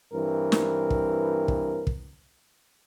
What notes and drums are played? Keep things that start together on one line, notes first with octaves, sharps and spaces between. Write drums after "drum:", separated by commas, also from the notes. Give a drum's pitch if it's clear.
G2 E3 C4 A#4
drum: snare
drum: kick
drum: kick
drum: kick